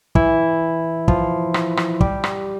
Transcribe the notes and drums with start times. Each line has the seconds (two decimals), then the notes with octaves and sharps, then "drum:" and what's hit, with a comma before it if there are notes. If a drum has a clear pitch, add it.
0.15 E3 E4, drum: kick
1.08 F3 F4, drum: kick
1.54 drum: rim click
1.77 drum: rim click
2.01 G3 G4, drum: kick
2.24 drum: rim click